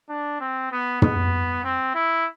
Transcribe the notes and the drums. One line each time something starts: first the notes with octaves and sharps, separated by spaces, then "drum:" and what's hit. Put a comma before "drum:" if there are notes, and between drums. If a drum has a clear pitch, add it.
D4
C4
B3
B3, drum: tom
C4
E4